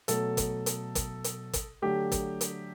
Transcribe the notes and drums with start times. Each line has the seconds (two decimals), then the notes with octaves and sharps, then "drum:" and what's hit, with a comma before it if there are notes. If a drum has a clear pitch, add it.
0.08 B2 F#3 A3 A4, drum: hi-hat
0.37 drum: kick, hi-hat
0.66 drum: hi-hat
0.95 drum: kick, hi-hat
1.24 drum: hi-hat
1.53 drum: kick, hi-hat
1.82 D3 F#3 A3 G4
2.12 drum: kick, hi-hat
2.41 drum: hi-hat